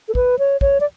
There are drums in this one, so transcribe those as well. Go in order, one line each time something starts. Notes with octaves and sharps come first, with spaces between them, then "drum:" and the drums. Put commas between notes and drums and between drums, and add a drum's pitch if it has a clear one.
A4
B4, drum: kick
C#5
C#5, drum: kick
D5